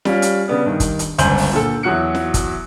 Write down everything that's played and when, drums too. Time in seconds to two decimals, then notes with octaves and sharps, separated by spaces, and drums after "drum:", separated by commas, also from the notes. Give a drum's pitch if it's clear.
0.05 G3 C#4 F4, drum: snare
0.22 drum: hi-hat
0.48 C#3 B3 D4
0.66 G2 D#3
0.80 drum: kick, hi-hat
0.99 drum: hi-hat
1.18 G1 C#2 C5 G#5 G6 F#7, drum: hi-hat
1.38 drum: open hi-hat
1.53 A#2 D3 A4
1.83 E2 F#3 F#4 F#6 C#7
2.15 drum: snare
2.34 drum: kick, hi-hat